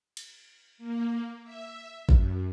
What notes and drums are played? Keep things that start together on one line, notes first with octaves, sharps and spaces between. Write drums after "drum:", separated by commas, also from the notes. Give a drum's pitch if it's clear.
drum: cymbal
A#3
E5
F#2, drum: kick A1